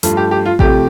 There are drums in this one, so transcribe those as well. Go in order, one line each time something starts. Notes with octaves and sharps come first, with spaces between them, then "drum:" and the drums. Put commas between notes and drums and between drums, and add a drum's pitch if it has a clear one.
G2 F3 A3, drum: hi-hat
G4
G4
F4
C2 C3 F3 A3 G4, drum: kick A1